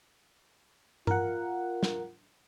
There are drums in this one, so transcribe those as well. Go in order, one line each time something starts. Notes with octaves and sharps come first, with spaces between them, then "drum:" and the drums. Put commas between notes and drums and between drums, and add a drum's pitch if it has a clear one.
F4 A#4 F#5, drum: tom G2
drum: snare